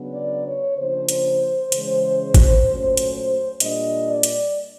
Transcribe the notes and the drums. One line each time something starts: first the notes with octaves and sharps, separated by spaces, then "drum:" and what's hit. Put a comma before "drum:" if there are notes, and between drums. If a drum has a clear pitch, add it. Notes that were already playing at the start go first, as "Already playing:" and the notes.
Already playing: C#3 F#3 B3 D4
D5
C#5
C#3 F3 A#3 D4 C5
drum: hi-hat
C#3 E3 G#3 C#4, drum: hi-hat
drum: kick, hi-hat
A#2 F#3 A3 C#4
drum: hi-hat
A#2 G3 A#3 D4 D#5, drum: hi-hat
D5
drum: hi-hat